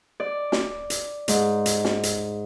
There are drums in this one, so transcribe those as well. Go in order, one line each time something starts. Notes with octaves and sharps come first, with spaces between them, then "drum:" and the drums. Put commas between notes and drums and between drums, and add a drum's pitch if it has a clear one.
D5
drum: snare
drum: hi-hat
G#2, drum: hi-hat
drum: hi-hat
drum: snare
drum: hi-hat